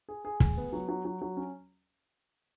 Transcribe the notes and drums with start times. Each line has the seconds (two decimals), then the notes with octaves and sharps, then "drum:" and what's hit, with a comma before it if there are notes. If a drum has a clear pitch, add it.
0.08 G#4
0.25 G#4
0.40 G#4, drum: kick
0.57 B3
0.73 F#3
0.89 F#3
1.05 F#3
1.22 F#3
1.37 C#4